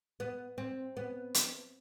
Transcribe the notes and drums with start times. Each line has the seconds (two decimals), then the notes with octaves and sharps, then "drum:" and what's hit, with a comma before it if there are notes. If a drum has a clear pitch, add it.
0.20 B3
0.58 C4
0.97 B3
1.34 drum: hi-hat